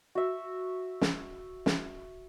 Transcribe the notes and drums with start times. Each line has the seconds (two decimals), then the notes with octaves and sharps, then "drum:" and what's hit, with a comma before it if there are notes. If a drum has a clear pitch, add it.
0.15 F#4 E5
1.01 drum: snare
1.66 drum: snare